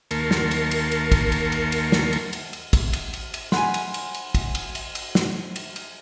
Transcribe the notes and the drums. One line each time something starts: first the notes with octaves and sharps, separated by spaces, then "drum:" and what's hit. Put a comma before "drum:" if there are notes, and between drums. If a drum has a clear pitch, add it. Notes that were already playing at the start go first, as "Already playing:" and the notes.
D#2 A#3 A#4 A5 C6 C#6, drum: cymbal
drum: snare
drum: cymbal
drum: cymbal
drum: cymbal
drum: kick, cymbal
drum: cymbal
drum: cymbal
drum: cymbal
drum: snare
drum: cymbal
drum: cymbal
drum: cymbal
drum: kick, cymbal
drum: cymbal
drum: cymbal
drum: cymbal
F#5 G#5 B5 C6, drum: snare
drum: cymbal
drum: cymbal
drum: cymbal
drum: kick, cymbal
drum: cymbal
drum: cymbal
drum: cymbal
drum: snare
drum: cymbal
drum: cymbal